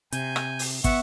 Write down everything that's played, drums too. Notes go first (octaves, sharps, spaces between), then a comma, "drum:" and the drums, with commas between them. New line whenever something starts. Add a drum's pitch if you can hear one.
C3 G#5 G6, drum: hi-hat
drum: rim click
drum: open hi-hat
B3 E5 F#5 C#6, drum: kick, hi-hat